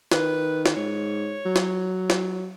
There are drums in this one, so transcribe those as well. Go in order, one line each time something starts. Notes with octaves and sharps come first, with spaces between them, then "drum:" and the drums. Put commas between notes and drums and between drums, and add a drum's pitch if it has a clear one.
D#3 B4, drum: snare
drum: snare
G#2 C#5
F#3
drum: snare
drum: snare